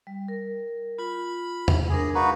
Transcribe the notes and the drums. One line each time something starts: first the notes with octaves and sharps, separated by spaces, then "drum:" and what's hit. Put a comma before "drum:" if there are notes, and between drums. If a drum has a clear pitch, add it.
G3
A#4
F4 B5
drum: tom E2
G#3 D4 G#4 A#4
D#4 F#4 B4 F5